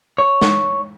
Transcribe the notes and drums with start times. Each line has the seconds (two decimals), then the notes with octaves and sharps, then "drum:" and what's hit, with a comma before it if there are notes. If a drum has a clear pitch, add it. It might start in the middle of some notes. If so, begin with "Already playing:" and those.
0.18 C#5
0.41 drum: snare G#3